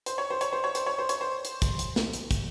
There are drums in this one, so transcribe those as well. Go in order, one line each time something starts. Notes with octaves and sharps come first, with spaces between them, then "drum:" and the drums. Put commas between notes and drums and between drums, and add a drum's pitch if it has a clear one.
C5, drum: hi-hat
C#5
C5
C#5, drum: hi-hat
C5
C#5
C5, drum: hi-hat
C#5
C5
C#5, drum: hi-hat
C5
drum: hi-hat
drum: kick, hi-hat
drum: hi-hat
drum: snare
drum: hi-hat
drum: kick, hi-hat